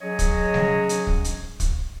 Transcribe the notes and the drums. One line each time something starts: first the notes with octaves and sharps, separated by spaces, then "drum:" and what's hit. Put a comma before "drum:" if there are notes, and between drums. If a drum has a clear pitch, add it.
F#3 C#4 G#4 C#5 D#5
drum: kick, hi-hat
drum: snare
drum: hi-hat
drum: kick
drum: hi-hat
drum: kick, hi-hat